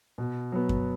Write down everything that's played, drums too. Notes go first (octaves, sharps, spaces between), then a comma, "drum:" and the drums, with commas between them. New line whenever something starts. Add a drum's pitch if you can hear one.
B2
F#3 B3
drum: kick F#2